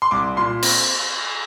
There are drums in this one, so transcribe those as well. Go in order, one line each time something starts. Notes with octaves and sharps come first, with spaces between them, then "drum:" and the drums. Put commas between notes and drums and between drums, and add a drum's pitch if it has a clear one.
C6
C2 D6
A#2 C6
C4, drum: cymbal